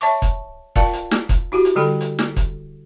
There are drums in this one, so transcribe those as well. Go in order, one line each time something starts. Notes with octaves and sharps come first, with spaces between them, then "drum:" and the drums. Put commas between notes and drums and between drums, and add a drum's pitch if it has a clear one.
C#5 E5 A5 C#6 D6
drum: kick, hi-hat
F4 A#4 D5 F5 G5 A5, drum: kick
drum: hi-hat
drum: snare
drum: kick, hi-hat
E4 F#4 G4
drum: hi-hat
D3 G3 A4 G5 B5
drum: hi-hat
drum: snare
drum: kick, hi-hat